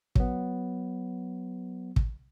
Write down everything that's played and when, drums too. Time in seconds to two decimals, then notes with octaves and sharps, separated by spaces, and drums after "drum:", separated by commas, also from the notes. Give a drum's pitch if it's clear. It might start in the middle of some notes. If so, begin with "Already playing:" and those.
0.15 F#3 B3, drum: kick
1.96 drum: kick